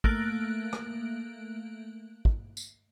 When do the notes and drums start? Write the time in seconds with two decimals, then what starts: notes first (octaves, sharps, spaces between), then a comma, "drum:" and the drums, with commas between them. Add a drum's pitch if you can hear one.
0.04 A3 A#3 F#6 D7, drum: kick
0.73 drum: rim click
2.25 drum: kick
2.57 drum: tambourine